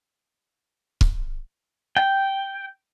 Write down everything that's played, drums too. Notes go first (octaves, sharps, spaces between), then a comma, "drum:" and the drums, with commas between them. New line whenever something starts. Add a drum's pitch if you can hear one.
drum: kick
G5